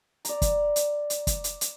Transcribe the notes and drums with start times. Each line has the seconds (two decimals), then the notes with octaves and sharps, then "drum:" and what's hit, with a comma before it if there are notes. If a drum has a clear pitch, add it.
0.25 D5 A#5, drum: hi-hat
0.42 drum: kick, hi-hat
0.76 drum: hi-hat
1.10 drum: hi-hat
1.27 drum: kick, hi-hat
1.44 drum: hi-hat
1.61 drum: hi-hat